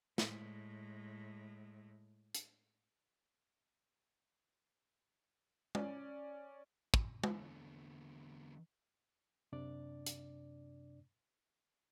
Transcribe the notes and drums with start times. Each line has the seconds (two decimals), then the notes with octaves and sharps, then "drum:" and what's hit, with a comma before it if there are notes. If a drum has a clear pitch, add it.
0.18 A2 G#3, drum: snare
2.35 drum: hi-hat
5.75 C#4 D5, drum: tom
6.94 drum: kick
7.24 E2 D3, drum: tom
9.52 F#2 C3 D4 D5
10.06 drum: hi-hat